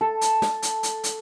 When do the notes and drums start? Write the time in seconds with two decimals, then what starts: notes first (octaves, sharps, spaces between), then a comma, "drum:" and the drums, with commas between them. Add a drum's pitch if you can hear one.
0.01 A4
0.21 drum: hi-hat
0.42 drum: snare
0.63 drum: hi-hat
0.83 drum: hi-hat
1.04 drum: hi-hat